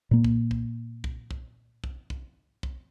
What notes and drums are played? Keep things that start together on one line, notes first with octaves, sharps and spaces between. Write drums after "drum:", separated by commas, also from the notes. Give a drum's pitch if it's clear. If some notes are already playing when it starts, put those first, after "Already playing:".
A#2 A#3
drum: kick
drum: kick
drum: kick
drum: kick
drum: kick
drum: kick
drum: kick